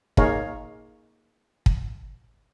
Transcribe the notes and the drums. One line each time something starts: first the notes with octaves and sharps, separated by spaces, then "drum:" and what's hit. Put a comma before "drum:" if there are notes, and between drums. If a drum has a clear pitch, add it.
A#3 D#4 G#4 C#5 F5 A#5, drum: kick
drum: kick